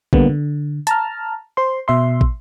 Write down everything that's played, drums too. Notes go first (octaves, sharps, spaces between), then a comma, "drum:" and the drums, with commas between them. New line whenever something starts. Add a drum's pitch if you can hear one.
D3 G3 A#3 B3, drum: kick
D3
A5 A#5 F6, drum: hi-hat
C5 C6
B2 E5 C6
drum: kick